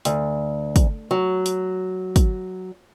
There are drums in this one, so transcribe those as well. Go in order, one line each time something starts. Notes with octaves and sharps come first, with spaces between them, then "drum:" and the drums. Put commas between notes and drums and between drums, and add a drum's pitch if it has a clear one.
D2, drum: hi-hat
drum: kick, hi-hat
F#3
drum: hi-hat
drum: kick, hi-hat